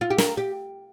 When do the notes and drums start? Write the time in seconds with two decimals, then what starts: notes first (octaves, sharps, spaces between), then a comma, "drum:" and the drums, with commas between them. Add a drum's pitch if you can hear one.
0.01 F4
0.10 G4
0.18 A#4, drum: snare
0.37 G4